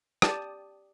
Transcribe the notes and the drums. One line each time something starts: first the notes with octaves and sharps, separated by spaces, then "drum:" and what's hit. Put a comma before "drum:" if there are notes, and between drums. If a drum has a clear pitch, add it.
G4 D5 A5 D#6, drum: rim click